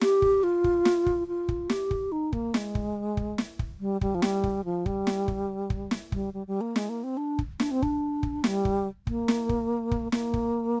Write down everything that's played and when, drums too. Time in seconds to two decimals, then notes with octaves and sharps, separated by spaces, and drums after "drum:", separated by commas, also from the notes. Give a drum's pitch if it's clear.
0.01 G4, drum: snare
0.22 drum: kick
0.43 F4
0.64 drum: kick
0.85 drum: snare
1.06 drum: kick
1.28 F4
1.49 drum: kick
1.70 G4, drum: snare
1.91 drum: kick
2.12 D#4
2.33 A#3, drum: kick
2.54 G#3, drum: snare
2.75 drum: kick
3.17 drum: kick
3.38 drum: snare
3.59 drum: kick
3.80 G3
4.01 G3, drum: kick
4.15 F3
4.22 G3, drum: snare
4.44 drum: kick
4.65 F3
4.86 G3, drum: kick
5.07 drum: snare
5.28 drum: kick
5.70 drum: kick
5.91 drum: snare
6.12 G3, drum: kick
6.34 G3
6.47 G3
6.61 A#3
6.76 G#3, drum: snare
6.89 A#3
7.04 C4
7.17 D4
7.39 drum: kick
7.60 D4, drum: snare
7.71 C4
7.82 D4, drum: kick
8.23 drum: kick
8.44 G3, drum: snare
8.65 drum: kick
9.07 A#3, drum: kick
9.28 drum: snare
9.49 drum: kick
9.91 drum: kick
10.12 A#3, drum: snare
10.34 drum: kick